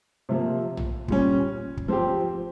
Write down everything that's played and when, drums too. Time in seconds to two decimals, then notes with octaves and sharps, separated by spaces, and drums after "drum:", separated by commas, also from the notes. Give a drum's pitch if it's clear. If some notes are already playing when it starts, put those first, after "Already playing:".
0.29 C3 F3 A#3
0.77 drum: tom A#1
1.08 A#2 G3 C#4, drum: kick
1.77 drum: kick
1.88 F3 C4 G4